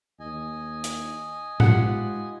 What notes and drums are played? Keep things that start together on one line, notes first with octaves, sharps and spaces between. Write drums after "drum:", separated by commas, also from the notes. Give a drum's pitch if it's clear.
D#2 D#5 G#5
drum: hi-hat
G#2 F4 G4 F#5 B5, drum: tom A2